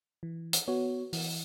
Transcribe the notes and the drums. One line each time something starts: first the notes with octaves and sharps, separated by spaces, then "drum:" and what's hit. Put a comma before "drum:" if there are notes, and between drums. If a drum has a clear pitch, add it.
E3
drum: hi-hat
B3 F#4 C#5
E3, drum: open hi-hat